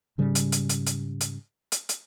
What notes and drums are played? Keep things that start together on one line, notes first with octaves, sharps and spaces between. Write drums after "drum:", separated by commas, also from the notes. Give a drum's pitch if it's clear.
G#2 C#3 G3
drum: hi-hat
drum: hi-hat
drum: hi-hat
drum: hi-hat
drum: hi-hat
drum: hi-hat
drum: hi-hat